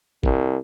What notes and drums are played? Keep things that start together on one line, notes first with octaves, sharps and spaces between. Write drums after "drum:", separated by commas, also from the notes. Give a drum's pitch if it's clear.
C2, drum: kick